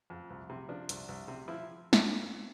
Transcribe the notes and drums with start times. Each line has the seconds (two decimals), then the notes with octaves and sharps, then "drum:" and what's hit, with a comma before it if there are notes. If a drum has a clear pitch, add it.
0.10 F2
0.30 C2
0.50 C3
0.69 F3 D4
0.89 C2, drum: hi-hat
1.08 C2
1.28 C3
1.48 F3 E4
1.93 drum: snare